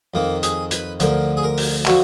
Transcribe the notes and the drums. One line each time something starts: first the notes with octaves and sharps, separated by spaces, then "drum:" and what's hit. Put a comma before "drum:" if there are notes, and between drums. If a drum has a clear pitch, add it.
F2 D#3 A#3
G#4, drum: hi-hat
B4, drum: hi-hat
D2 D3 F3 A#4, drum: hi-hat
G#4
A#4
drum: open hi-hat
D3 F3 F#4, drum: clap